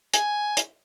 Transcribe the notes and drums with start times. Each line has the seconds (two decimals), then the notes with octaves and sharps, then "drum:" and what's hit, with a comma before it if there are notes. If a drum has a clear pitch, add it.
0.14 G#5, drum: hi-hat
0.57 drum: hi-hat